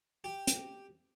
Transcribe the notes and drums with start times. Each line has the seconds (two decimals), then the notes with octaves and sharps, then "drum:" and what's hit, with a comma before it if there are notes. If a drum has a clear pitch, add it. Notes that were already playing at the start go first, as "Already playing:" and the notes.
0.24 G4
0.47 drum: hi-hat